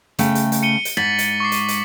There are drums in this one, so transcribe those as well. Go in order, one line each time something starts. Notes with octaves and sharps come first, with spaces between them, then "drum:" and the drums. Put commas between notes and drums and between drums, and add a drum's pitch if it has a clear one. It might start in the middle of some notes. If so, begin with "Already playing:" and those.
C#3 A3 G5, drum: hi-hat
drum: hi-hat
drum: hi-hat
C#7 D#7 G7
drum: hi-hat
G#2 A6 B6 F#7
drum: hi-hat
C#6 D6 C7
drum: hi-hat
drum: hi-hat